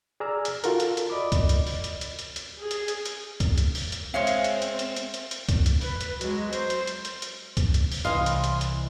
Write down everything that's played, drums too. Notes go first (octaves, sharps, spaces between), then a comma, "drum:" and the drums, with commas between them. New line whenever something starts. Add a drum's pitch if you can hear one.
G#4 D5 G#5 A#5 E6 F6
drum: hi-hat
F4 F#4 A4 A#4, drum: hi-hat
drum: hi-hat
drum: hi-hat
D5 D#5 B5 D6
drum: kick C#2, hi-hat
drum: hi-hat
drum: open hi-hat
drum: hi-hat
drum: hi-hat
drum: hi-hat
drum: hi-hat
G#4
drum: hi-hat
drum: hi-hat
drum: hi-hat
drum: kick C#2, hi-hat
drum: hi-hat
drum: open hi-hat
drum: hi-hat
G#3 C4 C#5 E5 F5
drum: hi-hat
drum: hi-hat
drum: hi-hat
drum: hi-hat
drum: hi-hat
drum: hi-hat
drum: hi-hat
drum: kick C#2, hi-hat
drum: hi-hat
B4, drum: open hi-hat
drum: hi-hat
F#3 G#3, drum: hi-hat
C5, drum: hi-hat
drum: hi-hat
drum: hi-hat
drum: hi-hat
drum: hi-hat
drum: kick C#2, hi-hat
drum: hi-hat
drum: open hi-hat
C2 E3 D#5 F5 C6
drum: hi-hat
drum: hi-hat
drum: hi-hat